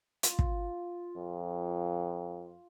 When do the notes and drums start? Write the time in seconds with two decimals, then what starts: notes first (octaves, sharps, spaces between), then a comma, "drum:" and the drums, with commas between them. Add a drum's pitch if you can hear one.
0.23 F4, drum: hi-hat
0.39 drum: kick
1.17 F2